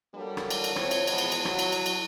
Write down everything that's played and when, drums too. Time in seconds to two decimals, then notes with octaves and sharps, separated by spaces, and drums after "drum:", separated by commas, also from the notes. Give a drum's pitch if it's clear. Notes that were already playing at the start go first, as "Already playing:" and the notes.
0.14 F#3 G3 A#3 D4 A4
0.37 drum: rim click
0.50 drum: cymbal
0.64 drum: cymbal
0.76 C4 F4 C5 C#5, drum: rim click
0.91 drum: cymbal
1.07 B2 E3 F3 G#3 B3, drum: cymbal
1.18 drum: cymbal
1.32 drum: cymbal
1.45 F#3, drum: rim click
1.59 drum: cymbal
1.72 drum: cymbal
1.86 drum: cymbal